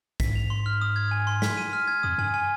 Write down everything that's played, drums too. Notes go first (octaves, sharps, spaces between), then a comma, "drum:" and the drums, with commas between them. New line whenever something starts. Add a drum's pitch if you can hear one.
G#2 B6, drum: kick, hi-hat
F7
C6
F6
D#6
G#6
G#5
C6
B6, drum: snare
D#7
F6
G#6
F2 D#6
G2 G#5
G#5